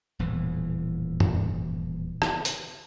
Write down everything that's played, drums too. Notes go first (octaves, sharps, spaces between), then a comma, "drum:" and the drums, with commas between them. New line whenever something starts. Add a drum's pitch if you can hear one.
D#1 E2 A2 E3
drum: tom
drum: rim click
drum: hi-hat